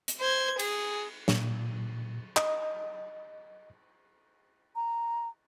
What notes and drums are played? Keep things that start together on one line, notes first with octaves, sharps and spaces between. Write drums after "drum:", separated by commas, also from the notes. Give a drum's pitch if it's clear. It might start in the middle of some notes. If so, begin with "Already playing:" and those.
drum: hi-hat
C5 G#6
G#4, drum: cymbal
A#2, drum: snare
D#5, drum: clap
A#5